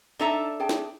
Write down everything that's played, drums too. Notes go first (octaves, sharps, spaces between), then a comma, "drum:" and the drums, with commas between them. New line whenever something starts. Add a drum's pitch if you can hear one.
D4 D#4 A4 D#5 E5 A#5
G#4 G5 A5
drum: snare